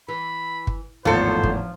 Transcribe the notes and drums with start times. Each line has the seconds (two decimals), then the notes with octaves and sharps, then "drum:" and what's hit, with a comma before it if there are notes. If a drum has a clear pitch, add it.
0.08 E3 B5
0.67 drum: kick
1.05 G#1 E2 A2 F3 F4 A4 C5
1.43 drum: kick